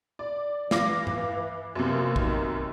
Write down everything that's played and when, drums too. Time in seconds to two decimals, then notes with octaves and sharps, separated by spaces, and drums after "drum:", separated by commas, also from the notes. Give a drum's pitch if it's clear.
0.19 D5
0.71 E3 F5 D6 A#6, drum: snare
1.07 drum: tom G2
1.75 F#2 C3 F3 A#3 B3
2.16 D#3, drum: kick